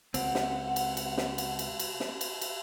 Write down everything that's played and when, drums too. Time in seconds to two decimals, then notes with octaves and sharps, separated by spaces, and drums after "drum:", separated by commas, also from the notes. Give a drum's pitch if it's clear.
0.14 C#2 C4 F#5, drum: cymbal
0.35 drum: snare
0.76 drum: cymbal
0.97 drum: cymbal
1.18 drum: snare
1.38 drum: cymbal
1.59 drum: cymbal
1.79 drum: cymbal
2.00 drum: snare
2.21 drum: cymbal
2.41 drum: cymbal